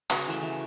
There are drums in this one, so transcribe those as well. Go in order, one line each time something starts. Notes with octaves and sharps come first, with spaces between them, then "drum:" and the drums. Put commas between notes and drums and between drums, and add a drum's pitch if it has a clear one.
C#3 F#4, drum: clap
E3 A3
E3